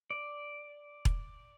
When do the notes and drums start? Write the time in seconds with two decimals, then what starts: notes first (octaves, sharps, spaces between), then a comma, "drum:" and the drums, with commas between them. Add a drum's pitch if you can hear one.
0.11 D5
1.05 drum: kick E1